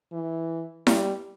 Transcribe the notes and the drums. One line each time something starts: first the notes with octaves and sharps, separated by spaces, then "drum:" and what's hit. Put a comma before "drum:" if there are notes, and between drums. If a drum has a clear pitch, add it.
E3
G3, drum: snare E4